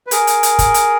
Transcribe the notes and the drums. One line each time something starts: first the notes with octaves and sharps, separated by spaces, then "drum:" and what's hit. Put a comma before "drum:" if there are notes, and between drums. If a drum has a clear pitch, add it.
B4
G#4 A#4, drum: hi-hat
drum: hi-hat
drum: hi-hat
drum: kick, hi-hat
drum: hi-hat